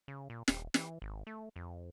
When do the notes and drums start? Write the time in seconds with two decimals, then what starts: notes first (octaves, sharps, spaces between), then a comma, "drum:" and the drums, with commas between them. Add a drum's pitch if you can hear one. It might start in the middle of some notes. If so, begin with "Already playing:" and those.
0.08 C#3
0.30 A#2
0.48 D#1, drum: snare
0.74 E3, drum: snare
1.02 G#1
1.27 A3
1.56 F2